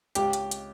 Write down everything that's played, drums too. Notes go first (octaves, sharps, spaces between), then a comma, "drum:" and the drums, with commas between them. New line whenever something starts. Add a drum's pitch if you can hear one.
C#2 G4, drum: hi-hat
drum: hi-hat
drum: hi-hat